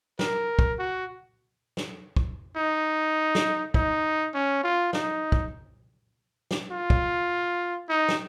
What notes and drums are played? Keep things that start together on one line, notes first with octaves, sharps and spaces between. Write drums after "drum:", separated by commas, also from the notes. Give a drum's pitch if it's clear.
A#4, drum: snare
drum: kick
F#4
drum: snare
drum: kick
D#4
drum: snare
D#4, drum: kick
C#4
F4
D#4, drum: snare
drum: kick
drum: snare
F4
drum: kick
D#4
drum: snare